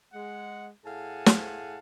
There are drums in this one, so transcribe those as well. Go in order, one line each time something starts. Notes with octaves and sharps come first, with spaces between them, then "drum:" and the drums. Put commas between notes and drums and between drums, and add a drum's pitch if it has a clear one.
G#3 F#5
A2 G#4 F5 F#5 G#5 A5
drum: snare